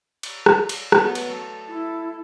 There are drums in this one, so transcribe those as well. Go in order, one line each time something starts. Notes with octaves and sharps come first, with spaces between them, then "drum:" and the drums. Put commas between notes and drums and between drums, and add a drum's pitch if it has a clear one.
drum: cymbal
drum: rim click
drum: cymbal
F#3 A3 B3, drum: rim click
drum: cymbal
A4
E4